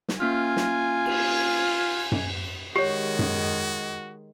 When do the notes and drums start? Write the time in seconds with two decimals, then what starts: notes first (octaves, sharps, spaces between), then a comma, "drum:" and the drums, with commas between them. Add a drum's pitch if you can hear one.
0.09 drum: snare
0.20 A#3 C#4 F4 G#5 F6
0.57 drum: snare
1.05 drum: cymbal
2.12 drum: tom F#2
2.76 D#3 G#3 F#4 G4 C#5
3.19 drum: tom F#2